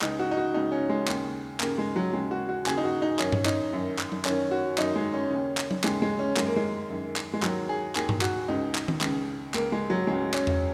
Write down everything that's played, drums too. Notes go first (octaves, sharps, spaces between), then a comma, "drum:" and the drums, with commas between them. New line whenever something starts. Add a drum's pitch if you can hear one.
C#2 C#3 D#4, drum: clap
F#4
D#4
F#4
C#2 C#3 D#4
C#4
G#3
D#2 C#3, drum: clap
D#2 C#3 A#3, drum: clap
G#3
F#3
D#2 C#3 G#3
F#4
F#4
D#2 C#3 G#4, drum: clap
D#4
F#4
D#4
F#2 D#3 C#4, drum: clap
drum: tom G2
D#4, drum: clap
F#2 D#3
drum: clap
drum: tom F#3
F#2 D#3 C#4, drum: clap
F#4
F#2 D#3 D#4, drum: clap
G#3
C#4
D#2 C#3
drum: clap
drum: tom F#3
D#2 C#3 G#3, drum: clap
G#3
C#4
F#2 D#3 G#3, drum: clap
A#3
G#3
F#2 D#3
drum: clap
G#3
D#2 D#3 F#3, drum: clap
G#4
D#2 D#3 G#4, drum: clap
drum: tom G2
F#4, drum: clap
C#2 C#3 D#4
drum: clap
drum: tom D#3
C#2 C#3, drum: clap
C#2 C#3 A#3, drum: clap
G#3
F#3
C#2 C#3 G#3
C#4, drum: clap
drum: tom E2